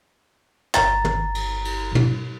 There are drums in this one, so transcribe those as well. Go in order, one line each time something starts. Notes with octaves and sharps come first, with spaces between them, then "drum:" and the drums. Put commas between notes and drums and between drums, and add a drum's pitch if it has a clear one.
G1 A#5 A6, drum: clap
drum: tom
drum: cymbal
drum: cymbal
drum: tom